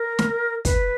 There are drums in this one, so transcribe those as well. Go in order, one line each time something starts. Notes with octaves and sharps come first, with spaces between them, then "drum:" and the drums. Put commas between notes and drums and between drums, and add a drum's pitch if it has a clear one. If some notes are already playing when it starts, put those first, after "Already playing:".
Already playing: A#4
drum: snare
B4, drum: kick, hi-hat